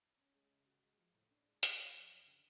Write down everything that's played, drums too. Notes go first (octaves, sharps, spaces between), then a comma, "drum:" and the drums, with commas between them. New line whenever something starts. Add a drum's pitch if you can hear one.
C#4
G#3
C#3
F#4
G#3
F3
A2
D4
G#3
F3, drum: hi-hat
F2
F2
F#3
D3